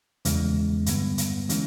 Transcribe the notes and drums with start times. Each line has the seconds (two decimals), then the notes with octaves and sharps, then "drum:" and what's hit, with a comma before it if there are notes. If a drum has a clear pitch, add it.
0.25 E2 C#3 E3 G#3, drum: hi-hat
0.86 G2 D3 G3 B3, drum: hi-hat
1.18 drum: hi-hat
1.49 E3 G#3 C#4, drum: hi-hat